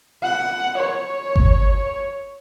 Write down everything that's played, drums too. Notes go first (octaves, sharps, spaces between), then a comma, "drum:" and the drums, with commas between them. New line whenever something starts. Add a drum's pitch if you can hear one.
F#5
C#5
drum: kick G1